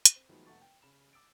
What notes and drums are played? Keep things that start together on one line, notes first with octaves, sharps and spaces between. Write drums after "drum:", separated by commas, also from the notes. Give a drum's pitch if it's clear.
drum: hi-hat
C4
D#3 F3 F#3 G#3 A3 B3
F1 A3 F#5 A5 C#6 A6
G5
C#3 B5 E7
D6 E6 A6 D7